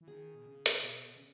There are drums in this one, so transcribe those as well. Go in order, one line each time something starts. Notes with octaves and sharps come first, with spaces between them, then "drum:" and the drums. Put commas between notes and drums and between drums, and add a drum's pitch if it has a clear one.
E3
D#3 G#4
B2
C#3
drum: hi-hat
B2
C#3